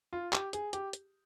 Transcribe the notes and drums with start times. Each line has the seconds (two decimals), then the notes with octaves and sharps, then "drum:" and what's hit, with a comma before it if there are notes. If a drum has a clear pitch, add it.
0.13 F4
0.33 G4, drum: clap
0.53 G#4, drum: hi-hat
0.73 G4, drum: hi-hat
0.93 drum: hi-hat